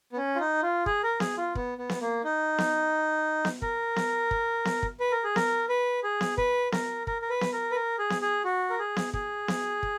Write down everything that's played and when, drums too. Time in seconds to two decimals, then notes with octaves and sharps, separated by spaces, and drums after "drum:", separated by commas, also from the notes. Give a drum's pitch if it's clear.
0.12 B3
0.17 C#4
0.36 F4
0.40 D#4
0.63 F4
0.86 G#4, drum: kick
1.03 A#4
1.20 G#4, drum: snare B3
1.38 F4
1.55 B3, drum: kick
1.78 B3
1.89 drum: snare B3
2.01 A#3
2.24 D#4
2.58 drum: snare B3
3.45 drum: snare B3
3.62 A#4, drum: kick
3.96 drum: snare B3
4.31 drum: kick
4.65 drum: snare B3
4.83 drum: kick
5.00 B4
5.12 A#4
5.24 G#4
5.36 A#4, drum: snare B3
5.69 B4
6.03 G#4
6.21 drum: snare B3
6.38 B4, drum: kick
6.72 A#4, drum: snare B3
7.07 A#4, drum: kick
7.22 A#4
7.30 B4
7.41 drum: snare B3
7.53 A#4
7.71 B4
7.76 A#4
7.99 G#4
8.10 drum: snare B3
8.22 G#4
8.44 F#4
8.70 A#4
8.79 G#4
8.96 drum: snare B3
9.14 G#4, drum: kick
9.48 drum: snare B3
9.83 drum: kick